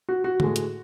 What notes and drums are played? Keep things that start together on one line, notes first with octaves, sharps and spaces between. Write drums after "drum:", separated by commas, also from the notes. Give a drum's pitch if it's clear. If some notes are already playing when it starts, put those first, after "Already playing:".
F#4
F#4
A2 G#3, drum: tom D3
drum: hi-hat